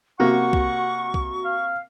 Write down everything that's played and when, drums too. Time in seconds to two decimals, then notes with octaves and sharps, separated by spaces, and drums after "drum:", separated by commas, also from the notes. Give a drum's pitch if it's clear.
0.20 C3 A#3 F#4 F#5 C#6
0.53 drum: kick
1.14 drum: kick
1.45 F5